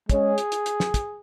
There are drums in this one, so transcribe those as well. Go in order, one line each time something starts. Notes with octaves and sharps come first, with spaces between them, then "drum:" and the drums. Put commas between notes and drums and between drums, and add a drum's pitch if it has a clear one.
G#3 C#4 G#4, drum: kick, hi-hat
drum: hi-hat
drum: hi-hat
drum: hi-hat
drum: snare
drum: kick, hi-hat